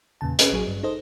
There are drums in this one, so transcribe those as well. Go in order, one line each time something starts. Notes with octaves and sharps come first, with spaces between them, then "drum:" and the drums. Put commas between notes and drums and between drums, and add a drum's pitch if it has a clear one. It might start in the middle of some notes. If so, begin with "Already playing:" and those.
E2 A#2 C#3 A5
C#4 G#4 B4 D#5, drum: hi-hat
A1 F#3 G#4
G2
D#4 A4 C5 D#5